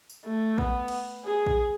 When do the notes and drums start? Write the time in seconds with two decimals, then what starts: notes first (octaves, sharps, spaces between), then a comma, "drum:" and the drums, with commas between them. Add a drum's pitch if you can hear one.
0.10 drum: tambourine
0.25 A3
0.58 B3, drum: kick
0.88 drum: cymbal
1.25 G#4
1.46 drum: kick